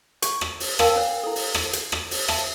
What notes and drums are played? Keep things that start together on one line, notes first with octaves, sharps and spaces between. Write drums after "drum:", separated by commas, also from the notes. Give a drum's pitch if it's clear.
C#6, drum: hi-hat
drum: rim click
drum: open hi-hat
A#4 F5 G5 A5 E6, drum: rim click
D4 C5 C#5
E4 A4
drum: open hi-hat
drum: rim click
drum: hi-hat
drum: rim click
drum: open hi-hat
E5 A5, drum: rim click